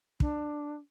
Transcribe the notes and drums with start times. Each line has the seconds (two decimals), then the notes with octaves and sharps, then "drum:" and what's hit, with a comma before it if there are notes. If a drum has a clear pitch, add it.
0.20 D4, drum: kick